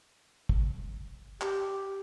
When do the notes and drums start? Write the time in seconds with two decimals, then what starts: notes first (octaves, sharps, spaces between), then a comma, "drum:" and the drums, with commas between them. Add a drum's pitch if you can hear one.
0.49 drum: kick
1.41 G4, drum: clap